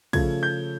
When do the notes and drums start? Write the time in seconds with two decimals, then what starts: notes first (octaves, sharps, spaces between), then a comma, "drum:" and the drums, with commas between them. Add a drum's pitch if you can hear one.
0.13 C#3 F3 A3 G#6, drum: kick, cymbal
0.43 G6